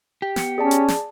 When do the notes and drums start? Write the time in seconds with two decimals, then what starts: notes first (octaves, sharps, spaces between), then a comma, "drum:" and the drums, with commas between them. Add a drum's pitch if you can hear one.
0.22 G4
0.36 B3 C#7, drum: snare
0.58 C#4 G#4 D5 A5
0.71 drum: hi-hat
0.88 drum: snare